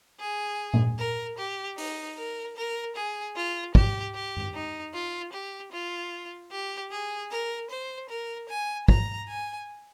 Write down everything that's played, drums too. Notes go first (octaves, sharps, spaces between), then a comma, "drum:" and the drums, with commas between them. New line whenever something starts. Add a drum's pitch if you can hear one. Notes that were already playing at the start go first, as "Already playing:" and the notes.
G#4
drum: tom A#2
A#4
G4
D#4, drum: open hi-hat
A#4
A#4
G#4
F4
G4, drum: kick
G4
drum: tom F#2
D#4
F4
G4
F4
G4
G#4
A#4
C5
A#4
G#5
A#5, drum: kick
G#5